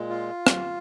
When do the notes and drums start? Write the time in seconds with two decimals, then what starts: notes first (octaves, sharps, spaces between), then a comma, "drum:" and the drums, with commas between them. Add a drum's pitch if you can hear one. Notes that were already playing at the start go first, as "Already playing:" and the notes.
Already playing: A#2 G#3
0.09 F4
0.47 drum: rim click